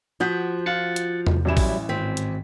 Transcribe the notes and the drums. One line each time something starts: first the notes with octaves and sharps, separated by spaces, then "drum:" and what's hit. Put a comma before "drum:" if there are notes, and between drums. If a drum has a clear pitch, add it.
F3 F#4 D#6 G6 B6
F4 F5 F#6 A6 C#7
drum: hi-hat
drum: tom E2
A1 E3 F#3 G3 E4 E7
drum: kick, open hi-hat
G#1 C4 B6
drum: hi-hat